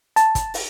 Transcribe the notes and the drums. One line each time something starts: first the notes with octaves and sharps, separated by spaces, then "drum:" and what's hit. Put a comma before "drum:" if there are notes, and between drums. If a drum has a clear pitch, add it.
A5, drum: hi-hat
drum: kick, hi-hat
drum: open hi-hat